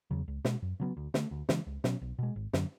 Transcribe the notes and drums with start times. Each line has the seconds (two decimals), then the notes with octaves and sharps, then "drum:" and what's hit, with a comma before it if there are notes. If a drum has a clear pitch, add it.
0.11 E2 C#3 F#3
0.28 C#2
0.45 B2 G#3, drum: snare
0.62 F#2
0.80 C#3 F#3 B3
0.97 D2
1.14 D3 A3, drum: snare
1.31 D2
1.49 C#3 E3 G#3, drum: snare
1.67 C#2
1.84 B2 F#3 C#4, drum: snare
2.01 B1
2.19 B2 G#3
2.36 G#1
2.53 F#2 D3 F#3, drum: snare